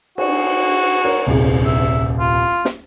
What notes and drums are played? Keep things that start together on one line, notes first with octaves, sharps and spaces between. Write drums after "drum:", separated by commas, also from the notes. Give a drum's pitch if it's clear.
F#4, drum: cymbal
A#4 C#5
D#1 C2 G#4
E5
F4
drum: snare